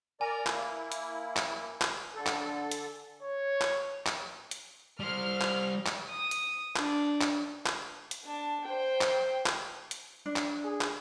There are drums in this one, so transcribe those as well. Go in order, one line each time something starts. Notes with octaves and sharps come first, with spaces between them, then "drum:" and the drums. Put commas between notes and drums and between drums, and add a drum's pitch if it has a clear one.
A#4 D5 G#5 A#5
A#3 E4, drum: clap
drum: hi-hat
drum: clap
drum: clap
D3 A4
drum: clap
drum: hi-hat
C#5
drum: clap
drum: clap
drum: hi-hat
G3 C5 F6
drum: clap
drum: clap
D#6
drum: hi-hat
D4, drum: clap
drum: clap
drum: clap
drum: hi-hat
D4 A5
C5 G5
drum: clap
drum: clap
drum: hi-hat
D4
drum: clap
G#4
drum: clap